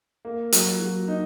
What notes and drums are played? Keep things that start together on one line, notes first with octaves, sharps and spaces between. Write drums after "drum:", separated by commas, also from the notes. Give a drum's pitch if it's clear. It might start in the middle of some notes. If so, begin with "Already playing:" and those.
A#3
F#3, drum: hi-hat
F#3
D#4